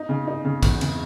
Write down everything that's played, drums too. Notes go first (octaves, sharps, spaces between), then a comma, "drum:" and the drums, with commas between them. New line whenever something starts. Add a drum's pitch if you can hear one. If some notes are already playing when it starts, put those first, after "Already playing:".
Already playing: D#4
C#3
D#4
C#3
E2, drum: kick, cymbal
C#3, drum: cymbal